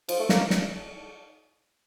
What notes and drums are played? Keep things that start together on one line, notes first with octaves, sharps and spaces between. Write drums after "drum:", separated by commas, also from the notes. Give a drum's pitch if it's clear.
F3, drum: cymbal
A3
A#3, drum: snare
drum: snare